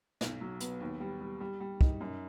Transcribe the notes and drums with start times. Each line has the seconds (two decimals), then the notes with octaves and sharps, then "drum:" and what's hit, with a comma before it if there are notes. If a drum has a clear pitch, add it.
0.21 B1, drum: snare
0.41 F#3
0.60 B3, drum: hi-hat
0.80 D#2
1.00 G3
1.21 G3
1.40 G3
1.60 G3
1.81 D#4, drum: kick
2.01 F#2